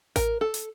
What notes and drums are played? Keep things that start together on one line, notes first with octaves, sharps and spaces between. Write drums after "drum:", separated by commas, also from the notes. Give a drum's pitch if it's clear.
A#4, drum: kick A1, hi-hat
A4
drum: hi-hat